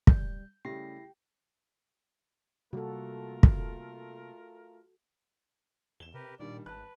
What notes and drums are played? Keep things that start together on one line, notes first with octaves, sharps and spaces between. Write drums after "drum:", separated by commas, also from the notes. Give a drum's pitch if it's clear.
G3 G6, drum: kick
C#3 G3 A3 E4 G4 G5 A#6 C7
C3 G3 A3 A#3 F4 F#4 A4 A#4
drum: kick
E2 E7 G7
C3 G4 A#4 B4
A#2 D#3 G3 D4 D5
G#1 B4 A5 F#6